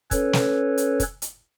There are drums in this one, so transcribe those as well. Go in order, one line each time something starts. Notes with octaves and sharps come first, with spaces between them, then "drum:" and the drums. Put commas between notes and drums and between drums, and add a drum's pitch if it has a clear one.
C#4 A4 B4 C#5, drum: kick, hi-hat
drum: snare
drum: hi-hat
drum: kick, hi-hat
drum: hi-hat